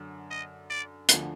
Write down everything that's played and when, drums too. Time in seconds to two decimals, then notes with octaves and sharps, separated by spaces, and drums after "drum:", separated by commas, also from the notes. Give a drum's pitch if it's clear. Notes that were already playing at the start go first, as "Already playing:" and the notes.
Already playing: F#2 D3
0.30 D#5
0.70 D5
1.09 D2 D3 F3, drum: hi-hat